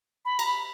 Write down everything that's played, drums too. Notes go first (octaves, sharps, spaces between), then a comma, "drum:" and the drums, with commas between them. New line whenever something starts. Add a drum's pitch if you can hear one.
B5
A#5, drum: cymbal
B5